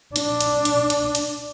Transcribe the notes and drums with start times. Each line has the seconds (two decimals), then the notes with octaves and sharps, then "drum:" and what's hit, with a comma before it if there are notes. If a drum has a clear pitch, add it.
0.16 D4, drum: hi-hat
0.41 drum: hi-hat
0.65 drum: hi-hat
0.90 drum: hi-hat
1.15 drum: hi-hat